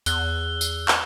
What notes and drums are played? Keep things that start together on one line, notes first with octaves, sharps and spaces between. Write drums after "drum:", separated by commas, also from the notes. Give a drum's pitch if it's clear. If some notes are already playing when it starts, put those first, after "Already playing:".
E2 E6 F#6 G7, drum: tambourine
drum: tambourine
drum: clap